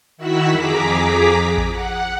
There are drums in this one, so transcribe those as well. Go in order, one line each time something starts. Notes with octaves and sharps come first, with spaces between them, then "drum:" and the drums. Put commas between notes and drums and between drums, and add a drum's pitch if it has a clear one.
D#3 E4 F#4 E6 F#6 B6
F2 G#4 A#5 D6 B6, drum: tom D3
drum: kick A1
F#5